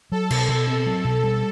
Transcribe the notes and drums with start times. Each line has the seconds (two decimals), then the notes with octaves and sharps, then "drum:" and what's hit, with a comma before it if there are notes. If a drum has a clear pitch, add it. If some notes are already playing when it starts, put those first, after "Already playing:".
0.12 F#3 A4
0.30 B2, drum: cymbal
0.48 B2
0.67 C4
0.86 F#3
1.05 B2
1.24 G3